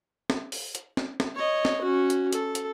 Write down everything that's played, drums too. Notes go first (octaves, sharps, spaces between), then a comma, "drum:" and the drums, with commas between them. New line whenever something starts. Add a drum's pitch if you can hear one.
drum: snare
drum: open hi-hat
drum: hi-hat
drum: snare
drum: snare
C#5 D#5
drum: snare
C#4 F#4
drum: hi-hat
A4, drum: hi-hat
drum: hi-hat